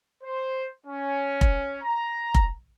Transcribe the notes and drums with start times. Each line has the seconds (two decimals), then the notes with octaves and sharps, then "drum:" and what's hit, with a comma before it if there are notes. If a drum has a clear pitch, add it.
0.23 C5
0.87 C#4
1.41 drum: kick F1
1.83 A#5
2.34 drum: kick F1